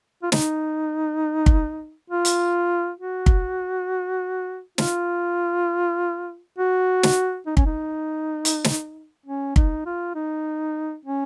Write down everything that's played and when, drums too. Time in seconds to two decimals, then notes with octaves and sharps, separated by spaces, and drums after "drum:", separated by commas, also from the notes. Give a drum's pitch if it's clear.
0.23 F4
0.32 D#4, drum: snare
1.46 drum: kick
2.10 F4
2.25 drum: hi-hat
3.00 F#4
3.26 drum: kick
4.78 F4, drum: snare
6.58 F#4
7.03 drum: snare
7.47 D#4
7.57 C#4, drum: kick
7.66 D#4
8.45 drum: hi-hat
8.64 drum: snare
9.26 C#4
9.56 D#4, drum: kick
9.86 F4
10.15 D#4
11.05 C#4